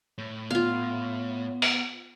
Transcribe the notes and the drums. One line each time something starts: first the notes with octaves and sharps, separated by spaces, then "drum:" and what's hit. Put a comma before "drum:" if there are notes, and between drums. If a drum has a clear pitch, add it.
A2
B3 F4 F5
drum: open hi-hat